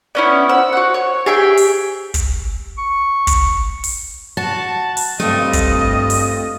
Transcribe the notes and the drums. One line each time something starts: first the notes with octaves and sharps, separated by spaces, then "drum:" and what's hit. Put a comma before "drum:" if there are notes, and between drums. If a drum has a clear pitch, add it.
B3 C#4 E4 D5
C5 E6
F#4 F#5
C#5
G4 G#4 E5 G5
drum: open hi-hat
drum: kick, hi-hat
C#6
drum: kick, hi-hat
drum: open hi-hat
F#4 A5
drum: open hi-hat
G2 A3 C4 F4 D#5
drum: kick, hi-hat
drum: open hi-hat